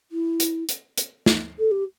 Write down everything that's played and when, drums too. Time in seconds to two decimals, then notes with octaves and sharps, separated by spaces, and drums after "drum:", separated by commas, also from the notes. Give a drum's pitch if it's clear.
0.11 E4
0.40 drum: hi-hat
0.69 drum: hi-hat
0.98 drum: hi-hat
1.26 drum: snare
1.59 A4
1.71 G4